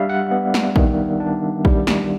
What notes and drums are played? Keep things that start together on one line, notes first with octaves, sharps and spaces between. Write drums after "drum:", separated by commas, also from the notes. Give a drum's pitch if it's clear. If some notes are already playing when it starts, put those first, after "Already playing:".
Already playing: G3 D4 D5 E5 F5
F#5
B3
drum: snare
D#3, drum: kick
D4
G3, drum: kick
drum: snare